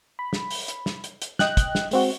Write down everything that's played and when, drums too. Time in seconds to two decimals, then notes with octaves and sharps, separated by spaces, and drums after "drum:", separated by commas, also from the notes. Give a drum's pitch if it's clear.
0.19 B5
0.33 drum: snare
0.50 drum: open hi-hat
0.68 drum: hi-hat
0.86 drum: snare
1.04 drum: hi-hat
1.22 drum: hi-hat
1.39 D#5 G5 F#6, drum: snare
1.57 drum: kick, hi-hat
1.75 drum: snare
1.91 G#3 C4 F#4, drum: open hi-hat